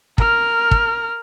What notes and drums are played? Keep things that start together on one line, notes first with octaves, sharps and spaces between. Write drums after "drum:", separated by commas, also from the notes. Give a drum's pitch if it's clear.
A#4 F6, drum: kick
drum: kick